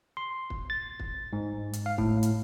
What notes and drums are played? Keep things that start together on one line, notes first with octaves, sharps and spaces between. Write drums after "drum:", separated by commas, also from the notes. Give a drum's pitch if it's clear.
C6
drum: kick
A6
drum: kick
G#2
drum: hi-hat
F5
A2, drum: kick
drum: hi-hat